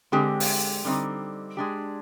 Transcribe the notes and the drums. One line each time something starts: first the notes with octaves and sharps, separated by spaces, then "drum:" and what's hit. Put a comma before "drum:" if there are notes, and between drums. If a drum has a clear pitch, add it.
D3 G#3 C4 G4
drum: open hi-hat
D3 G3 C4 D#4
G#3 D4 G4